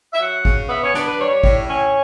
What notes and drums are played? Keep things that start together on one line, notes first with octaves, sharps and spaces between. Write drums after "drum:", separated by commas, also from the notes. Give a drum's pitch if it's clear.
E5
F#3 F#5
C#3, drum: kick
B3 E5
C#5
D4 B4, drum: snare
B4
G3 C#5
A2, drum: kick
C#4 C#5